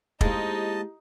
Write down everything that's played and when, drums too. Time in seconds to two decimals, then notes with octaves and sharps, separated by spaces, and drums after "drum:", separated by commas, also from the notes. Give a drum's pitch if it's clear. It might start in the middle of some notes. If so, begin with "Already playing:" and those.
0.21 G#3 A#3 C4 D#4 E4 G4 D#5 A5, drum: kick